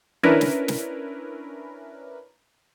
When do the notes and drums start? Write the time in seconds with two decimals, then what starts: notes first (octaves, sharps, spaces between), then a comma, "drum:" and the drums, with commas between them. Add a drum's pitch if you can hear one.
0.23 C#4 D4 E4 A#4 B4, drum: tom D#3
0.41 drum: snare
0.68 drum: snare